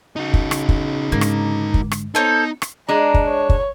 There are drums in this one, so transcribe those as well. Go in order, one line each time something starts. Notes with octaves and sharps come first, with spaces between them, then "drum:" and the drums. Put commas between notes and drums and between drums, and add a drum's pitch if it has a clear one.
C#3 D#4 F#4
drum: kick
drum: rim click
drum: kick
G#2 D3 A#3
drum: rim click
drum: kick
drum: rim click
B3 D#4 A4 C5 C#5
drum: rim click
G#3 D4 A#5
drum: kick
C#5
drum: kick